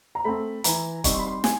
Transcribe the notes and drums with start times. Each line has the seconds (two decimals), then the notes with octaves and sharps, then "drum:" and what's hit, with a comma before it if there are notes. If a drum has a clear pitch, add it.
0.15 A#5
0.24 A3 C4 B5
0.64 E3 A#5, drum: hi-hat
1.04 G3 C4 D#4 C#6, drum: kick, hi-hat
1.12 C6
1.19 B5
1.27 C6
1.44 G#5, drum: snare